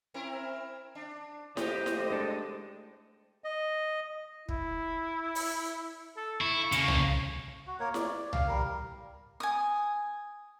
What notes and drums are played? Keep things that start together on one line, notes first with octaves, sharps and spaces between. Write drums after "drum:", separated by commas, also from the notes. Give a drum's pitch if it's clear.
C4 E4 A#4
D4
G3 A3 A#3 G4 C5 D#5, drum: snare E4
drum: snare E4
G#3 D4 A4
D#5
E4, drum: kick
drum: open hi-hat
A4
E4 C#6
C#3 A#3, drum: hi-hat
drum: tom C2
F#4
A#3 A#4 C#5
D5, drum: snare E4
F5, drum: tom C2
G3 A#4
G#5 D#6